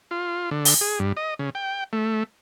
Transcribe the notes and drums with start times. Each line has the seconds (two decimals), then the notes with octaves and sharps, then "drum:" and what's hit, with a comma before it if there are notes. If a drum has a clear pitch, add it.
0.11 F4
0.51 D3
0.65 drum: open hi-hat
0.81 G#4
0.99 G2
1.17 D#5
1.39 C#3
1.55 G5
1.93 A3